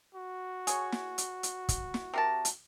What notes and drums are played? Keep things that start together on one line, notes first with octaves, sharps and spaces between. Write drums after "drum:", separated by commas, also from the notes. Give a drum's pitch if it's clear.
F#4
G#4 C#5, drum: hi-hat
drum: snare
drum: hi-hat
drum: hi-hat
drum: kick, hi-hat
drum: snare
C3 A#4 A5
drum: hi-hat